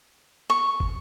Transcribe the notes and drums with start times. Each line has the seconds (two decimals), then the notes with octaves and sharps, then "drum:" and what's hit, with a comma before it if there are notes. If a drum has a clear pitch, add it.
0.50 C#6
0.80 drum: kick